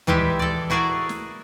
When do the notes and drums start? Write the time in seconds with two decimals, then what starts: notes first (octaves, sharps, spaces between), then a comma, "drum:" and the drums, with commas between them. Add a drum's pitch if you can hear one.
0.07 E3 G3 G#3 G4 E5, drum: tom D2
0.39 A4 D5
0.70 E4 F#4 G#4 A#4 D5
1.09 drum: snare